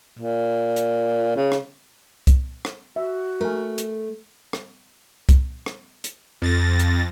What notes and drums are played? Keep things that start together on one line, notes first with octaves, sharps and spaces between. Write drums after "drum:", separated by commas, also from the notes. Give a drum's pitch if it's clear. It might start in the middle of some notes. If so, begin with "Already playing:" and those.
A#2
drum: hi-hat
C#3
drum: rim click
drum: kick C2, hi-hat
drum: rim click
F#4 E5
A3 A#4 G#5
drum: hi-hat
drum: rim click
drum: kick C2, hi-hat
drum: rim click
drum: hi-hat
F2 A6 A#6
drum: hi-hat